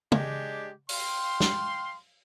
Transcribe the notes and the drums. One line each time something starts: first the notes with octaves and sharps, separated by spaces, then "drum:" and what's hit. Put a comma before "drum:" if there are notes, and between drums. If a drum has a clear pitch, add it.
G#3 D4 G4, drum: tom
F5 G5 C6, drum: open hi-hat
drum: snare